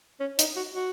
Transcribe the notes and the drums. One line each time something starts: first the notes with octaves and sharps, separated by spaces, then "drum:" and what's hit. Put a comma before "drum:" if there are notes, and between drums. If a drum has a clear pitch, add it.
C#4
D#4, drum: hi-hat
F#4
F#4